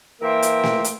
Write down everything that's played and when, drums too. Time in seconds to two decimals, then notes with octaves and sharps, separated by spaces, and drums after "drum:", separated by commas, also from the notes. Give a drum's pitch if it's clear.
0.21 E3 A#3 A#4 C5 E5 G5
0.42 drum: hi-hat
0.63 drum: snare
0.84 drum: hi-hat